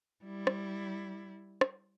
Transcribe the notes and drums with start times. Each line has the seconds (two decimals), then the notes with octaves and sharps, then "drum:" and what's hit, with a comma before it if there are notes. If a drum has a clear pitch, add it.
0.24 G3 E4
0.47 drum: rim click
1.61 drum: rim click